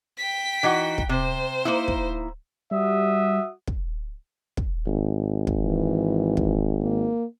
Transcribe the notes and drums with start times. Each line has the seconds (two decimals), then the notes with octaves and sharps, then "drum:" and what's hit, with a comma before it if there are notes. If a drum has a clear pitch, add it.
0.17 G5 B6
0.63 E3 D#4 F#4
0.98 drum: kick
1.09 C3 C5
1.65 A#3 D#4 E4
1.88 drum: kick
2.71 G3 F#4 E5 D#6
3.67 drum: kick
4.57 drum: kick
4.87 G#1
5.47 drum: kick
5.64 E3
6.37 drum: kick
6.82 A#3